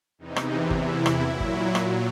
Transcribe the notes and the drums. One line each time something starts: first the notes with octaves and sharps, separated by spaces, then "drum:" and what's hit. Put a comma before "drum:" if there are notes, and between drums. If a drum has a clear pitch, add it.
E2 C3 E3 D#4
drum: rim click
E4, drum: kick
drum: rim click
A#2 F#3
drum: kick
drum: rim click